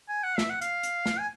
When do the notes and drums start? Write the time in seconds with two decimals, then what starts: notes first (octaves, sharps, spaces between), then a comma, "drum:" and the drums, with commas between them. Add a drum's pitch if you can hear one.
0.09 G#5
0.24 F#5
0.38 E5, drum: snare
0.50 F#5
0.61 F5, drum: hi-hat
0.83 drum: hi-hat
1.06 drum: snare
1.18 G#5